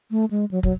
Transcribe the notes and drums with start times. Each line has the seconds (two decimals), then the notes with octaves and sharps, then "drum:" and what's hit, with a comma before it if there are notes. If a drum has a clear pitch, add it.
0.11 A3
0.31 G#3
0.51 F#3
0.63 F#3, drum: kick